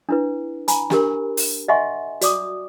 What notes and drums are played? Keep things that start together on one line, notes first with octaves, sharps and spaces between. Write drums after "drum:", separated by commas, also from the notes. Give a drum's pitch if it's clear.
D4 E4 B4
G#5 A#5 B5, drum: hi-hat
D4 G4 A#4, drum: snare
drum: open hi-hat
D#5 E5 F#5 G#5 C6 C#6
F#4 D5 D6 D#6, drum: hi-hat